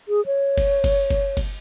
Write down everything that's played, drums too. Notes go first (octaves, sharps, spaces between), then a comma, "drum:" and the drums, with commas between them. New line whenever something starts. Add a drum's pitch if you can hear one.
G#4
C#5
drum: kick F#1, cymbal
drum: kick F#1, cymbal
drum: kick F#1, cymbal
drum: kick F#1, cymbal